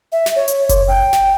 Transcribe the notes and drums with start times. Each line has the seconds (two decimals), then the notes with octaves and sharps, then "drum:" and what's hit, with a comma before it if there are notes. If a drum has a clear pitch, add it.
0.12 E5
0.26 drum: snare
0.36 C#5
0.48 drum: hi-hat
0.69 C#5, drum: kick F#1, hi-hat
0.88 G5
1.13 drum: snare